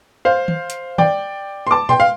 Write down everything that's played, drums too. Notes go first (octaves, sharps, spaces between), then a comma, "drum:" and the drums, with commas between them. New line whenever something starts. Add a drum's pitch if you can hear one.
C5 F5
drum: tom D#3
drum: hi-hat
D5 G5, drum: tom D#3
C6
A5 D6
G5 C6, drum: tom A#2
F5